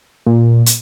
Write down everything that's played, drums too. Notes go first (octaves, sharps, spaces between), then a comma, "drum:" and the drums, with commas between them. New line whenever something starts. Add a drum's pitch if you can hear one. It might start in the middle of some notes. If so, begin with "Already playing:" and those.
A#2
drum: hi-hat